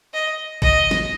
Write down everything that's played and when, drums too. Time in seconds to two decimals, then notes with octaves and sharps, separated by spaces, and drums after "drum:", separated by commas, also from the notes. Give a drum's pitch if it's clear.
0.13 D#5
0.62 D#5, drum: kick
0.91 drum: snare